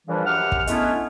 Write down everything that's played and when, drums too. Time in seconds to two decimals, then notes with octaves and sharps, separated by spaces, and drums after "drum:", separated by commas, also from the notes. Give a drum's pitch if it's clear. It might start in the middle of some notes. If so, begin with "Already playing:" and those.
0.07 A#2 C#3 E3 F3 G3 D4
0.25 F#2 G4 F#5 F6
0.52 drum: kick
0.67 G#3 A3 B3 C#4 D4 E4, drum: hi-hat